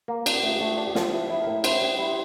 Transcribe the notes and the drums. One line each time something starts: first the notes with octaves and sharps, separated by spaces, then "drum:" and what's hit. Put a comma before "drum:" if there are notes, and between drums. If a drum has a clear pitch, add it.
A#3
D4 F4, drum: cymbal
G4
A3 F4
G4
A3 F4
D4
G4
F3 F4, drum: snare
E4
E4
A2 A#4
E4 C5, drum: cymbal
G3
E4